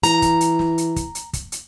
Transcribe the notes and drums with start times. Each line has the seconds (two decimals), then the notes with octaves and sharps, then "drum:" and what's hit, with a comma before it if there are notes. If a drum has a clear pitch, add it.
0.03 E3 A#5, drum: hi-hat
0.22 drum: kick, hi-hat
0.41 drum: hi-hat
0.59 drum: snare
0.78 drum: hi-hat
0.96 drum: kick, hi-hat
1.15 drum: hi-hat
1.33 drum: kick, hi-hat
1.52 drum: hi-hat